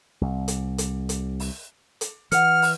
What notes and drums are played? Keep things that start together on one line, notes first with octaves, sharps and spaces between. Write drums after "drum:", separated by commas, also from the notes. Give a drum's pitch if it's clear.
C2
drum: hi-hat
drum: hi-hat
drum: hi-hat
drum: open hi-hat
drum: hi-hat
E3 F#5 F6 C#7, drum: hi-hat
drum: open hi-hat